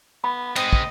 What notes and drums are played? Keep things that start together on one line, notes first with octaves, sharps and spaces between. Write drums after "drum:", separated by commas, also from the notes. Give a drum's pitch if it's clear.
B3 B5
G#3 C4 D#4 D#5, drum: cymbal
drum: kick